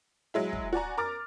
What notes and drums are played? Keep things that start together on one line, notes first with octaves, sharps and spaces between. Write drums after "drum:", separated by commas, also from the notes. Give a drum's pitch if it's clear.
F#3 G#3 E4
drum: kick
F#4 D5 G#5 A#5
A#4 A#5 D6 F6 A6